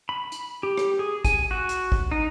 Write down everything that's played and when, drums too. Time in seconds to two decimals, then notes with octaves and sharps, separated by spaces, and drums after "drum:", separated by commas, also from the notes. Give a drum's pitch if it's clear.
0.09 B5
0.32 drum: hi-hat
0.63 G4
0.78 drum: rim click
0.99 G#4
1.25 G#5, drum: kick A1, hi-hat
1.51 F#4
1.69 drum: hi-hat
1.92 drum: kick A1
2.11 D#4